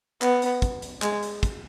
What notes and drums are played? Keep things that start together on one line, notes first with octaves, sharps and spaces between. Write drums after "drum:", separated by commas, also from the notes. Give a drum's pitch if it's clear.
B3, drum: clap
drum: hi-hat
drum: kick, hi-hat
drum: hi-hat
G#3, drum: clap
drum: hi-hat
drum: kick, hi-hat